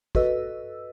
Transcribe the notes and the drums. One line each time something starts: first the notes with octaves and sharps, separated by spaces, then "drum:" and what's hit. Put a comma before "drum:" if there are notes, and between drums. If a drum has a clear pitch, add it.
F#4 A4 B4 D#5 E6, drum: kick